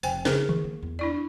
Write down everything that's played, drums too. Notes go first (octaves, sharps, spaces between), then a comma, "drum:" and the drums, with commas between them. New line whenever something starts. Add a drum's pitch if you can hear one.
F1 C5 G5 G#5, drum: tambourine
C#3 B3 G#4 A#4 C5, drum: snare
D2 D#3, drum: tom D#3
A#3
E2
D4 E4 D5